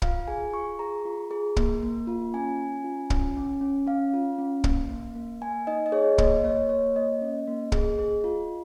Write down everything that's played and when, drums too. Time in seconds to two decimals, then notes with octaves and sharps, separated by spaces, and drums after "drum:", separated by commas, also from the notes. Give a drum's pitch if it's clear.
0.02 F4 F5, drum: kick
0.28 G#4 G#5
0.53 F4 C#6
0.79 G#4 A#5
1.05 F4
1.31 G#4
1.56 A#3, drum: kick
1.83 A#3
2.07 F4
2.34 C#4 G#5
2.60 C#4
2.84 F4
3.10 C#4, drum: kick
3.37 C#4
3.61 C#4
3.87 C#4 F5
4.14 F4
4.38 C#4
4.64 A#3, drum: kick
4.90 A#3
5.15 A#3
5.41 A#3 G#5
5.67 D#4 D#5
5.86 D#5
5.92 G#4 C#5
6.18 A#3 D#5, drum: kick
6.44 A#3 C#5
6.69 A#3 C#5
6.95 A#3 D#5
7.21 C#4
7.47 A#3
7.72 G#4, drum: kick
7.99 G#4
8.24 F4